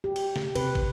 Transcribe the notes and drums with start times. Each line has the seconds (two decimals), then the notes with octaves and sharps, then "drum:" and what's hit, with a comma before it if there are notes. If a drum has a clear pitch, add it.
0.04 G4
0.16 drum: cymbal
0.36 drum: snare
0.56 C3 B4, drum: cymbal
0.75 drum: kick